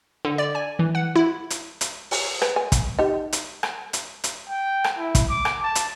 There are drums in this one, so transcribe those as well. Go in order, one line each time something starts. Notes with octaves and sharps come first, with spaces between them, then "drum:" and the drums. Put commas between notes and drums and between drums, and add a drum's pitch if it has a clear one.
D3
D5
G#5
E3
F#5
E4
drum: hi-hat
drum: hi-hat
drum: open hi-hat
B4, drum: rim click
G#5
drum: kick, hi-hat
D#4 G4
drum: hi-hat
drum: rim click
drum: hi-hat
drum: hi-hat
G5
drum: rim click
E4
drum: kick, hi-hat
D6
drum: rim click
A5
drum: hi-hat